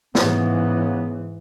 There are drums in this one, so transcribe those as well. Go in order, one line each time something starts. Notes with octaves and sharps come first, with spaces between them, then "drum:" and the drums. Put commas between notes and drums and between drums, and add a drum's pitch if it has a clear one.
G#2 C#3 E3 B3, drum: snare